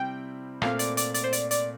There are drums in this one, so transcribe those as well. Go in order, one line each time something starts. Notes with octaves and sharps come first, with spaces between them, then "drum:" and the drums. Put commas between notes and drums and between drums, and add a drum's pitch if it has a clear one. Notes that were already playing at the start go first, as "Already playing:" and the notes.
Already playing: C3 G3 C4 E4 G5
A#2 A3 C4 F5, drum: rim click
D5, drum: hi-hat
D5, drum: hi-hat
D5, drum: hi-hat
C5
D5, drum: hi-hat
D5, drum: hi-hat